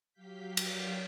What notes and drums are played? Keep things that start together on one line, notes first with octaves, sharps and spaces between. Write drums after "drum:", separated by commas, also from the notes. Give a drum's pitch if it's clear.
F#3 G4 F5 G6 B6
drum: cymbal